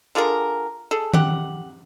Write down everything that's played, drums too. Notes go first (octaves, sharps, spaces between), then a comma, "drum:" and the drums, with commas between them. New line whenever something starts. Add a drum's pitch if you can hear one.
D3 F4 G#4 A#4
G#4 A4
G4 F#5, drum: tom D#3